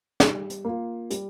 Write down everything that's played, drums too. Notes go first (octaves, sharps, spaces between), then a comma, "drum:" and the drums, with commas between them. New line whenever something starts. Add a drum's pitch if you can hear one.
G3, drum: snare
drum: hi-hat
A#3 F4
G3, drum: hi-hat